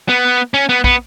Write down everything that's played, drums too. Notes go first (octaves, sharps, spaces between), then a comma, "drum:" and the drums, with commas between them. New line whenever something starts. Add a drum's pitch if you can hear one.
B3
C#4
B3
B3, drum: kick